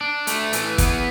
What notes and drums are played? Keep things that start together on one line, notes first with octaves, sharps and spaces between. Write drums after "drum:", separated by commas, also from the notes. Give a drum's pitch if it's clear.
D4
A3, drum: hi-hat
E3, drum: hi-hat
B3, drum: kick, hi-hat